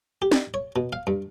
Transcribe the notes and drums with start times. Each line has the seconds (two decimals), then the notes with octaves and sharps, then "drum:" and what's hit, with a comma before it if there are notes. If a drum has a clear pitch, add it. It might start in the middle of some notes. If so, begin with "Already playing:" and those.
0.22 G4
0.31 drum: snare
0.54 C#5
0.76 B2
0.93 F5
1.07 G2